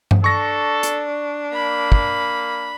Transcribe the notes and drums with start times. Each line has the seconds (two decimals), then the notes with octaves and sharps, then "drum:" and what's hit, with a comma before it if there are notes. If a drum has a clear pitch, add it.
0.11 drum: tom G2
0.24 D4 A4 C#6 A#6
0.83 drum: hi-hat
1.54 A#3 B5
1.92 drum: kick